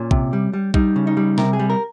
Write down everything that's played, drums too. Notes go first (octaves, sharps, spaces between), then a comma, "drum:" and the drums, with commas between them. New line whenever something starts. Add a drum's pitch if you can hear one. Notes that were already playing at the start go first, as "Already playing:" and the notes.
Already playing: A#2 C#4
C3, drum: kick
G3
G3
G3 D#4, drum: kick
C#3
D#4
G3
C3 A#4, drum: snare
G#4
G3
A#4